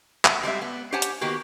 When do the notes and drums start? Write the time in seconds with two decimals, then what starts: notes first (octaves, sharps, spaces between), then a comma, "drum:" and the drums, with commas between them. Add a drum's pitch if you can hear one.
0.25 E5 F#5 A5, drum: clap
0.43 G3 G#3 C4 E5
0.62 B3
0.92 G4 C5 C#5 F#5 G#5 A5
1.02 drum: hi-hat
1.21 D#3 A#3 B3 F#4 G4